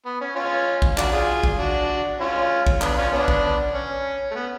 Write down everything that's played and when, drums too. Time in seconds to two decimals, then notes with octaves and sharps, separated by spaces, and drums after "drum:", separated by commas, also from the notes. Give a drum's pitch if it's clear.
0.05 B3
0.21 C#4
0.36 C#4 F4
0.82 drum: kick A#1
0.98 D4 F#4, drum: clap
1.12 F4 G#4
1.44 drum: kick A#1
1.58 D4 F#4
2.20 C#4 F4
2.67 drum: kick A#1
2.81 B3 D4, drum: clap
2.97 C#4 F4
3.12 B3 D4
3.28 drum: kick A#1
3.74 C#4
4.31 A3
4.35 B3